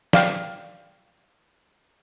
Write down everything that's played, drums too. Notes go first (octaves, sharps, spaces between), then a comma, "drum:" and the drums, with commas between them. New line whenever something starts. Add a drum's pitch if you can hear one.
D5 F5 G5, drum: snare